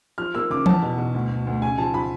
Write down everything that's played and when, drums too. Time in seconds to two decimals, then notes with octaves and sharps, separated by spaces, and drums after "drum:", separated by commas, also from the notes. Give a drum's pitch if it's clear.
0.18 F3 F6
0.35 A#3 E6
0.50 C#3 D6
0.66 E2 A5, drum: tom E3
0.82 B2
0.98 B2
1.14 D2
1.30 D2
1.47 D2
1.62 C#3 G#5
1.78 F3 A5
1.94 F3 B5